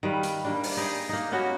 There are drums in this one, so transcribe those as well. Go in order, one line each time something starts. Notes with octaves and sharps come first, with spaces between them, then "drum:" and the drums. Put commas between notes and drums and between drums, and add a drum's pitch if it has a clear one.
D#3 G3 B4 F5
drum: hi-hat
G3 A#3 D4
drum: open hi-hat
D#4 G4 G#4
A#3 D#4
A#3 B3 C#4 F#4